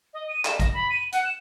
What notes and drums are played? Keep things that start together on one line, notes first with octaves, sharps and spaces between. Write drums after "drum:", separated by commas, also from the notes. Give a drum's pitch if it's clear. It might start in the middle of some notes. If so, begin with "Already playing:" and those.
D#5
D#7
E7, drum: clap
A#6, drum: kick, hi-hat
B5
D#7
F#5, drum: hi-hat
E7